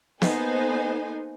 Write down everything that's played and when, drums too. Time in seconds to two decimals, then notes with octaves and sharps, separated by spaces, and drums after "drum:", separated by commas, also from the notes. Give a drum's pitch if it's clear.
0.22 A#3 B3 D#4 A4 C5 G#5, drum: snare